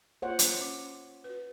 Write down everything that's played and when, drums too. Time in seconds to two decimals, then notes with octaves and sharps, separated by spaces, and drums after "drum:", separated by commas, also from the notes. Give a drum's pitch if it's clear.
0.22 A#3 F4 C5 C#5 F#5
0.39 drum: hi-hat
0.61 C#4 D6
1.24 F#4 B4